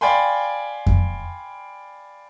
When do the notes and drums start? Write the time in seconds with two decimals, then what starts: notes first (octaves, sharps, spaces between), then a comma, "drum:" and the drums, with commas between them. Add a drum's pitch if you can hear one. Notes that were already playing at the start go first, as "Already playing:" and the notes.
0.01 D5 F5 G5 G#5 B5 C6
0.86 drum: kick F2